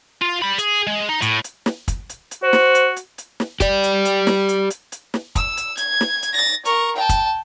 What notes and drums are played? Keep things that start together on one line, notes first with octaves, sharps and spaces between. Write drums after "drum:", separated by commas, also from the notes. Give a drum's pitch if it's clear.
F4
G3 B5
G#4, drum: hi-hat
G#3
D#4
A2, drum: hi-hat
drum: hi-hat
drum: snare
drum: kick, hi-hat
drum: hi-hat
drum: hi-hat
F#4 C5
drum: snare
drum: hi-hat
drum: hi-hat
drum: hi-hat
drum: snare
G4 D5, drum: kick, hi-hat
drum: hi-hat
drum: hi-hat
drum: snare
drum: hi-hat
drum: hi-hat
drum: hi-hat
drum: snare
E6, drum: kick, hi-hat
drum: hi-hat
G#6, drum: hi-hat
drum: snare
drum: hi-hat
A6 A#6
A#4 C#6, drum: hi-hat
G5 A5
drum: kick, hi-hat